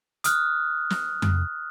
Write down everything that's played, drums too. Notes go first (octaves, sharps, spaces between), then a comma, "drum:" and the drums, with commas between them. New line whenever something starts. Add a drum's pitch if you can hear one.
D#6 F6 F#6, drum: hi-hat
drum: snare
drum: tom F2